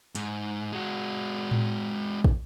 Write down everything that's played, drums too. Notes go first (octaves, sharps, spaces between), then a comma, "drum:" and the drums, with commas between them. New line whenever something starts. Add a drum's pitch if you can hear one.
G#2, drum: hi-hat
G#3 F#4
drum: tom A2
drum: kick